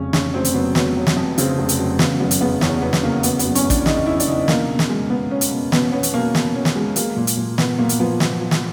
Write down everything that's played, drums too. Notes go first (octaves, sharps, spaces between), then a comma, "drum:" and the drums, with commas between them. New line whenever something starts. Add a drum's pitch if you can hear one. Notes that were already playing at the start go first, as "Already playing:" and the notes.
Already playing: F1 F2 C#3 C#4
C#3 C#4, drum: snare
F1 C4
drum: hi-hat
F#3 B3
F#3 B3, drum: snare
F#3
drum: snare
F2
C#3 C4, drum: hi-hat
F1
drum: hi-hat
F#3
C#3 B3, drum: snare
F#1 B3
drum: hi-hat
C#3 B3
E2 C#4, drum: snare
F#3 B3
drum: snare
C#3 A#3
F#3 B3, drum: hi-hat
F#1 B3, drum: hi-hat
C#4, drum: hi-hat
E2
D4, drum: kick, hi-hat
C#3 D#4, drum: snare
E2 E4
D4, drum: hi-hat
C#3 D#4
B2 A#3, drum: snare
B2
drum: snare
G#3
B2 B3
C#4
drum: hi-hat
B2
B2 B3, drum: snare
B3 C#4
drum: hi-hat
B2 A#3
B2, drum: snare
C#4
drum: snare
G#3
G#3 A#3, drum: hi-hat
A#2
drum: hi-hat
A#2
A#2 B3, drum: snare
A#2 A#3
drum: hi-hat
F3 B3
F3 B3, drum: snare
F3
drum: snare